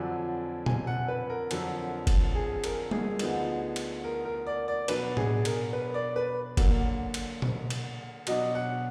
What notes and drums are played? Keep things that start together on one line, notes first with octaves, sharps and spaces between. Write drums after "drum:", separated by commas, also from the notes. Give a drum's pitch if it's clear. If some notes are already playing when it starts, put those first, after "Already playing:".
Already playing: F2 D3 F#3 D4 F4 G#5
G#5, drum: tom A#2
F#5
B4
A#4
F2 D3 F#3, drum: cymbal
drum: kick F#1, cymbal
G#4
A#4, drum: cymbal
G#4, drum: tom G3
D2 D3 F3 B3 D#4, drum: cymbal
drum: cymbal
A#4
A#4
D5
D5
B2 F#3 D4 B4, drum: cymbal
G#4, drum: tom A2
A#4, drum: cymbal
B4
D5
B4
D3 F#3 A#3, drum: kick F#1, cymbal
drum: cymbal
drum: tom A#2
drum: cymbal
B2 F#3 D4 D#5, drum: cymbal
F#5